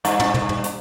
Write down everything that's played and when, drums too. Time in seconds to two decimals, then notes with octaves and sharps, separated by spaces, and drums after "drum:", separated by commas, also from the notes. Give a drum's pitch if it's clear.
0.05 G2, drum: hi-hat
0.20 drum: tom
0.34 drum: tom
0.49 drum: tom
0.64 drum: hi-hat